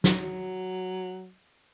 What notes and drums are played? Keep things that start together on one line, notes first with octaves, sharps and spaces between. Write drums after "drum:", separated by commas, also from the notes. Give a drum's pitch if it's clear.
F#3, drum: snare